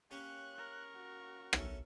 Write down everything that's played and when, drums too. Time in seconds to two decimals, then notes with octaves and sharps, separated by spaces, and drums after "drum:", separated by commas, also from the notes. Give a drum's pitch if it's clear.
0.11 A#3 C#4 G4 C#6 F#6
0.55 A#4 C#6
0.96 F#4
1.53 A#1 C#4 E4 A4, drum: rim click